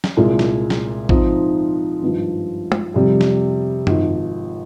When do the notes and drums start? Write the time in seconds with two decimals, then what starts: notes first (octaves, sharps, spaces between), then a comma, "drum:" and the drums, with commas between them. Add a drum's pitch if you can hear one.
0.04 drum: snare
0.17 C2 A#2 G#3
0.39 drum: snare
0.70 drum: snare
1.09 G#2 F3 C4 D#4, drum: kick
2.02 G#1 G2 F3
2.72 drum: tom
2.94 F2 C3 G3
3.21 drum: snare
3.87 G#1 G#2 F3, drum: tom F#2